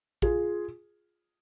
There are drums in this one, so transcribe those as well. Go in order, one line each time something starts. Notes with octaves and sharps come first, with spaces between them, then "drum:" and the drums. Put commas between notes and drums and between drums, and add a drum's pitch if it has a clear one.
F4 G#4, drum: kick